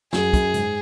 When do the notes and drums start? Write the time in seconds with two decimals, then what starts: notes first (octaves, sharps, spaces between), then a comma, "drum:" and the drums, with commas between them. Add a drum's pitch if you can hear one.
0.13 F#2 F#3 G#4, drum: snare
0.33 F#2, drum: kick, hi-hat
0.54 G#2, drum: hi-hat